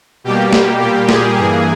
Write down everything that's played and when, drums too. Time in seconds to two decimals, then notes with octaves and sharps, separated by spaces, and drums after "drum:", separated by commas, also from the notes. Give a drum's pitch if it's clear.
0.24 B2 G3 A#3 G4
0.53 drum: snare
0.80 A#2 G3 A#3 G4
1.09 G#4, drum: snare
1.37 G2 E3 A#3 G#4